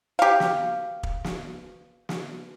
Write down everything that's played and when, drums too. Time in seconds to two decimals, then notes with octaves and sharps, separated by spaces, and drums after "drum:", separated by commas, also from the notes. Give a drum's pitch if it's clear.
0.19 G4 F5
0.40 drum: snare
1.03 drum: kick
1.24 drum: snare
2.09 drum: snare